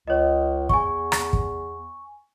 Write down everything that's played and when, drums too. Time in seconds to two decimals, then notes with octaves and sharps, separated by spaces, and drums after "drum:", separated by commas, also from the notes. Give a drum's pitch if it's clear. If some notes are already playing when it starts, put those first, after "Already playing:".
0.08 C#2 C#5 D#5
0.69 E2 G#5 C#6, drum: kick
1.12 drum: rim click
1.33 drum: kick